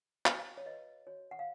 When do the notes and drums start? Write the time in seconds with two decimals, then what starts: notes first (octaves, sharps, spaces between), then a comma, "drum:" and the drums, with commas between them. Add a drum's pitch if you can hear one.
0.26 F#4 F5, drum: clap
0.57 C#5
0.66 B4 D#5
1.07 F#4 C#5
1.31 F#5
1.39 F5